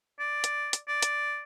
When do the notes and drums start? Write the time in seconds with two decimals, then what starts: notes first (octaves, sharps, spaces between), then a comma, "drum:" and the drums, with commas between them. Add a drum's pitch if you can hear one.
0.19 D5
0.44 drum: hi-hat
0.73 drum: hi-hat
0.88 D5
1.02 drum: hi-hat